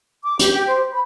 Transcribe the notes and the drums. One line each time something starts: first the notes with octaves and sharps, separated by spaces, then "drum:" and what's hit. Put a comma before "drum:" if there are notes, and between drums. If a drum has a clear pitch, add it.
D6
G4, drum: hi-hat
G4
C5
B5